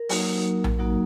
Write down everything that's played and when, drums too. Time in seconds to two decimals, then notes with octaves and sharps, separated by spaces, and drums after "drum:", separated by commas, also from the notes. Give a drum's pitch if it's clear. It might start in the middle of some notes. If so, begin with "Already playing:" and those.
Already playing: A#4
0.09 F#3 A#3 D#4 F#4, drum: open hi-hat
0.64 drum: tom A#1
0.78 F#3 A#3 D#4 F#4